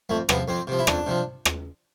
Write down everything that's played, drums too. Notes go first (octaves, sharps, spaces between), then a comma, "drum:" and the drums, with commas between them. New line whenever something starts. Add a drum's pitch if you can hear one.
F2 A3
C3 F3 B3, drum: rim click
F2 C4
C3 F3
E4
F2 D4, drum: rim click
C3 F3
drum: rim click